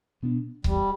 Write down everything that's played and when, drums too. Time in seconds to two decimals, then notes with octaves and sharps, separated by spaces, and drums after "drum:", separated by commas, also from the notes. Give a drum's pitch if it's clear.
0.23 B2 B3 D4
0.64 E2 G3, drum: kick C#1